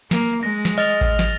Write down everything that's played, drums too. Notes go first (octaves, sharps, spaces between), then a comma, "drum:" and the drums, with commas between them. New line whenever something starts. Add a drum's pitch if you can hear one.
A#3, drum: snare
drum: hi-hat
G#3 A#6
drum: snare
D#5 F6 A6 F7
drum: kick A1, hi-hat
drum: snare